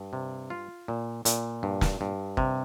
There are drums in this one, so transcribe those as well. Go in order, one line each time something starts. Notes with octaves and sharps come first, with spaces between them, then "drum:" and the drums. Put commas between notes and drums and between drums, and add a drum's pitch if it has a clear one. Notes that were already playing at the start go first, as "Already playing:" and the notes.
Already playing: G2
C3
F4
A#2
A#2, drum: hi-hat
G2
drum: snare
G2
C3, drum: kick